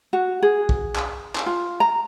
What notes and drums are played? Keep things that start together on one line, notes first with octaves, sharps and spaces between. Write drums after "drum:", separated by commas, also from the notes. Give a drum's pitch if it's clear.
F#4
G#4
drum: kick
drum: clap
drum: clap
F4
A#5